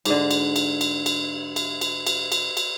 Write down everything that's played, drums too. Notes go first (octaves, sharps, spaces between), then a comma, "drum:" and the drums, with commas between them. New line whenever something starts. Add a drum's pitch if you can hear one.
G#2 D3, drum: cymbal
drum: cymbal
drum: cymbal
drum: cymbal
drum: cymbal
drum: cymbal
drum: cymbal
drum: cymbal
drum: cymbal
drum: cymbal